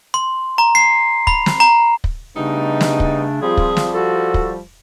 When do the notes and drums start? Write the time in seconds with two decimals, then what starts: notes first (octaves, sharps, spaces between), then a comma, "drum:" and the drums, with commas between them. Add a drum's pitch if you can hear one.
0.14 C6
0.58 A#5
0.75 C7
1.27 B5, drum: kick
1.46 drum: snare
1.60 A#5
2.04 drum: kick
2.36 C#3 G3 A3 B3 D4 D#4
2.81 drum: snare
3.00 drum: kick
3.42 F3 G3 C4 F4 G#4
3.57 drum: kick
3.77 drum: snare
3.95 F#4 A4
4.34 drum: kick